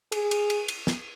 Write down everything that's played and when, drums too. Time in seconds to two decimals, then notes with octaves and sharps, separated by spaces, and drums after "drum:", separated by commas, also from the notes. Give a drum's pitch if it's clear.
0.12 G#4, drum: cymbal
0.31 drum: cymbal
0.50 drum: cymbal
0.68 drum: cymbal
0.87 drum: snare